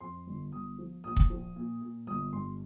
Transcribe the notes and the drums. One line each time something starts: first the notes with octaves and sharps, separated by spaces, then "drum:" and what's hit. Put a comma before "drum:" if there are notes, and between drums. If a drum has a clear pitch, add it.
F2 C6
G1
G1 D#6
F3
A#1 D#6
drum: kick
F3
A#2
A#2
G1 D#6
G2 C6